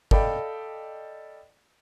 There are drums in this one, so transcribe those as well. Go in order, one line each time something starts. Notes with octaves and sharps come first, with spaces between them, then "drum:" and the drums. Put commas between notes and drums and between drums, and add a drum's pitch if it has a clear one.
A4 D5 D#5 F5 G5 B5, drum: kick G1